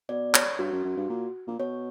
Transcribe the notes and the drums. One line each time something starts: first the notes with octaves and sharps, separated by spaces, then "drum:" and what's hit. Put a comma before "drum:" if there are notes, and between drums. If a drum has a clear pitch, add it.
B2 D5
C#5, drum: clap
G2 F#4
F#2
F#2
G2
A#2
A#2
B2 C#5